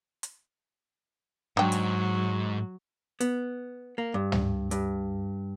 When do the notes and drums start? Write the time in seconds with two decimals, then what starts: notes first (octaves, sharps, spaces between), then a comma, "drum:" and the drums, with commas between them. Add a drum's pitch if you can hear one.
0.23 drum: hi-hat
1.57 G#2 F#3 D4 G5
1.72 drum: hi-hat
3.21 B3, drum: hi-hat
3.98 A#3
4.14 G2
4.32 drum: tom
4.71 G2, drum: hi-hat